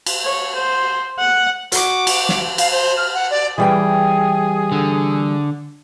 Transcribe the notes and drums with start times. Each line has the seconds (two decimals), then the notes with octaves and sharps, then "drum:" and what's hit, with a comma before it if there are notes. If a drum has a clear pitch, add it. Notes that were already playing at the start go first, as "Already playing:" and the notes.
0.06 drum: cymbal
0.24 C#5
0.55 C5
1.19 F#5
1.72 F#4 D6, drum: hi-hat
2.07 drum: cymbal
2.29 drum: snare
2.58 F5, drum: cymbal
2.71 C5
2.97 F6
3.15 F#5
3.31 D5
3.58 E3 G3 G#4 G5
4.72 D3